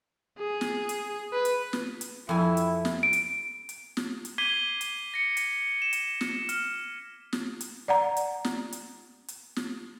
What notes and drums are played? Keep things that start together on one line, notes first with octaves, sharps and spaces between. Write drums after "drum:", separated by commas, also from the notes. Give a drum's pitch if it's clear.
G#4
drum: snare
drum: hi-hat
B4
drum: hi-hat
drum: snare
drum: hi-hat
F2 E4 G#5
drum: hi-hat
drum: snare
D7
drum: hi-hat
drum: hi-hat
drum: snare
drum: hi-hat
D6 G#6 B6 C7 D#7 G7
drum: hi-hat
A#6 C#7
drum: hi-hat
E7
drum: hi-hat
drum: snare
F6, drum: hi-hat
drum: snare
drum: hi-hat
D5 F#5 A#5
drum: hi-hat
drum: snare
drum: hi-hat
drum: hi-hat
drum: snare